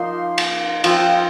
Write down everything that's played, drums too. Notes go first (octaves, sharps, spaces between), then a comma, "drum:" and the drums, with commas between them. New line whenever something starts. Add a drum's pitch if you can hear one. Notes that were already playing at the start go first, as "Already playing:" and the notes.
Already playing: F3 A#3 D#4 C6
drum: cymbal
F3 C4 F4, drum: cymbal